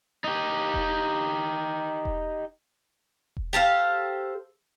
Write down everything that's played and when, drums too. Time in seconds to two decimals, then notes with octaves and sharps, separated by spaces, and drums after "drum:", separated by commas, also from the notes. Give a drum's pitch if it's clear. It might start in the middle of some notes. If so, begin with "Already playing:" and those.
0.24 D#4 G4
0.74 drum: kick E1
2.05 drum: kick E1
3.37 drum: kick E1
3.53 G4 A4 C5 F5